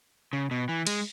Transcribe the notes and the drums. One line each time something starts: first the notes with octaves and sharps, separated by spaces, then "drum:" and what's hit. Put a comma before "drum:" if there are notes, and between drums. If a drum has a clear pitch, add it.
C#3
B2
E3
G#3, drum: cymbal